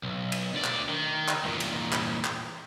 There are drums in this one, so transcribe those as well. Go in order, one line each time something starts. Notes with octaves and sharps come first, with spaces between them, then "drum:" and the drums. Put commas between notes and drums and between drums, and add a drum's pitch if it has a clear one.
B1
drum: cymbal
D2 D5
drum: clap
D#3
drum: clap
E2 A#2
drum: cymbal
drum: clap
drum: clap